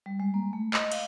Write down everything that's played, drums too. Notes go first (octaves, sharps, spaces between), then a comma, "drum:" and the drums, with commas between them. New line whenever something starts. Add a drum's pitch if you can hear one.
G3
G#3
A#3
A3
D#5, drum: clap
F5, drum: cymbal